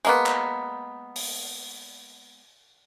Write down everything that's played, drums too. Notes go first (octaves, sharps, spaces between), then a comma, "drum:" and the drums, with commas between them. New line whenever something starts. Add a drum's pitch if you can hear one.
G#3 A#3 B3, drum: tambourine
drum: clap
drum: open hi-hat